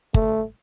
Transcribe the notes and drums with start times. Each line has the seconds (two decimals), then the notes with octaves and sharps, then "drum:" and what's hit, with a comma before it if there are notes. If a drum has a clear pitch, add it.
0.14 A3, drum: kick